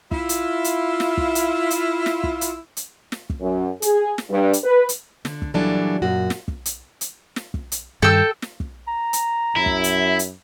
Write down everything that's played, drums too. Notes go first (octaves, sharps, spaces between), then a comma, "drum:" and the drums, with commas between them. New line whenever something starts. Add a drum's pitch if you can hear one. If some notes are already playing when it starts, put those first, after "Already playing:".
E4 F4, drum: kick
drum: hi-hat
drum: hi-hat
drum: snare
drum: kick
drum: hi-hat
drum: hi-hat
drum: snare
drum: kick
drum: hi-hat
drum: hi-hat
drum: snare
drum: kick
F#2
G#4, drum: hi-hat
drum: snare
G2
drum: hi-hat
B4
drum: hi-hat
D3, drum: snare
drum: kick
A#2 E3 F#3 G3 D4 A4
F#2 A#2 F#4
drum: snare
drum: kick
drum: hi-hat
drum: hi-hat
drum: snare
drum: kick
drum: hi-hat
G2 D#3 A4 G5 E6
drum: snare
drum: kick
A#5
drum: hi-hat
F#2 E4
drum: kick
drum: hi-hat
drum: hi-hat